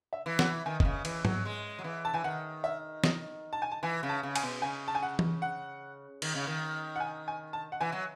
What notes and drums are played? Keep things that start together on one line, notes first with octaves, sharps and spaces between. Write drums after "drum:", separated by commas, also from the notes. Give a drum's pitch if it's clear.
E5
E3
F#5, drum: snare
D#3 G#5
D#3, drum: kick F#1
C#3
E3, drum: cymbal
F#3, drum: tom G#2
G#3
F#3
E3
A5
E3 G#5
D#3 F#5
E5
D#5, drum: snare
A5
G#5
A5
E3 G#5
C#3
A5
C#3
G#5, drum: cymbal
B2
C#3 G#5
A5
G#5
F#5
drum: tom E3
F#5
D#3, drum: cymbal
C#3
D#3
F#5
G#5
G#5
A5
F#5
E3 G#5
F#3